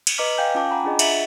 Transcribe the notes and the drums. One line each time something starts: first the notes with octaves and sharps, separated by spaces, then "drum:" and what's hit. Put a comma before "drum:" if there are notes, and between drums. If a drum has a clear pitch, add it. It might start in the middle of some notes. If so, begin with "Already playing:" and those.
drum: cymbal
B4 D#5 A#5 D6 F6 B6
F5 G5 G#5 G6
C#4 F4 G5 A5 D6
F#5 G#5 A#5 B5 D6
D4 F4 G#4 D#5
E5 F#5 A6 B6, drum: cymbal